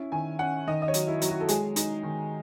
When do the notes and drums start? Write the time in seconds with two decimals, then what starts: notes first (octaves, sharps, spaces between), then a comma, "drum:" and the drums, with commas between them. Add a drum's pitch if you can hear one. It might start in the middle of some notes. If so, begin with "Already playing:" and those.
Already playing: C#4 E4
0.12 D#3 G#5
0.39 C#4 F#5
0.67 D#3 D#5
0.82 D#5
0.88 C#5
0.94 F#3, drum: hi-hat
1.07 E4
1.22 F#3, drum: hi-hat
1.29 F#4
1.40 A4
1.48 G#3 G#4, drum: hi-hat
1.76 D#4, drum: hi-hat
2.03 D#3